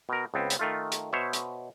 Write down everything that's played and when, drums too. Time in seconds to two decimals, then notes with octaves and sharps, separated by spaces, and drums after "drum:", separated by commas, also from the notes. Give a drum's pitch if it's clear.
0.09 B2 A#4
0.34 C#2 B3 C4
0.50 drum: hi-hat
0.59 D#3 A3 F4
0.92 drum: hi-hat
1.13 B2 C5 C#5 E5
1.33 drum: hi-hat